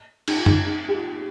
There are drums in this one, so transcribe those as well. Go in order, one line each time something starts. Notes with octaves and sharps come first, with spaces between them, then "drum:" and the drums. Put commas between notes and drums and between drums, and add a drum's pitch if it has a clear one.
D#4, drum: cymbal
F4
D#4, drum: tom F#2
D#4
G4
F4